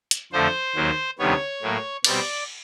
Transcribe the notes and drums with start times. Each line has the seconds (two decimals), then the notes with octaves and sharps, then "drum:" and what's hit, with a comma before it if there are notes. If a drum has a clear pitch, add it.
0.11 drum: hi-hat
0.32 F2 D3 F3 A3 C5
0.75 D#2 D#3 F#3 A#3
1.19 D2 C3 D#3 G3 B3 C#5
1.62 A2 F#3 A#3
2.04 B2 G3 C4 D5, drum: cymbal